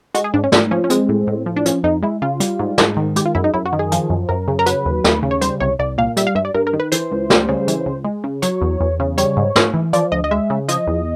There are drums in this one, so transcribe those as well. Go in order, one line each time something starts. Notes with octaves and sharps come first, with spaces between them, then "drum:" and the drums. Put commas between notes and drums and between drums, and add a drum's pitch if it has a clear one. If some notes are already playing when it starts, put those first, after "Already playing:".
G#3 F#4, drum: hi-hat
G#4
G#2 D4
C#4
G#2 D4, drum: snare
F3 C#4
C#4
G#3 C4, drum: hi-hat
A2
A2
F3
D4
F3 C#4, drum: hi-hat
F2 D#4
G#3 E4
C#3 F4
G3, drum: hi-hat
G#2
G#2, drum: snare
D#3
G#3 G4, drum: hi-hat
F4
F#2 E4
D#4
F#2 E4
F#4
D#3
G#4
F3, drum: hi-hat
F#2
F#2 A#4
C#3
A#4
F#3 B4, drum: hi-hat
D#2
D#2, drum: snare
C#3
C#5
G3 C5, drum: hi-hat
C2 C#5
C2 D5
A#2 F5
G3 E5, drum: hi-hat
F5
G2 E5
D5
G2 A#4
A#4
D#3
B4
E3 C5, drum: hi-hat
C#2
G3, drum: snare
C#3
E3, drum: hi-hat
C#2
G#3
C#3
F#3 C#5, drum: hi-hat
E2
E2
C#3
G3 C#5, drum: hi-hat
G#2
G#2, drum: snare
E3
F3 D5, drum: hi-hat
D2 D#5
D#5
G#3 E5
C#3
F3 D#5, drum: hi-hat
E2